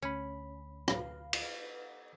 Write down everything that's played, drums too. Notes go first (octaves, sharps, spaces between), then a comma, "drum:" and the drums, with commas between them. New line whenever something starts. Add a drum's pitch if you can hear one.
D2 C#4 B5
B1 A2 B4 F5, drum: rim click
drum: cymbal